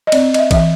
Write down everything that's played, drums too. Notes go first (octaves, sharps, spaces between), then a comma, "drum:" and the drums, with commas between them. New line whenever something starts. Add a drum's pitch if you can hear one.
D#5
C4 D5, drum: cymbal
D#5, drum: cymbal
E5
E3 E5, drum: kick A#1, cymbal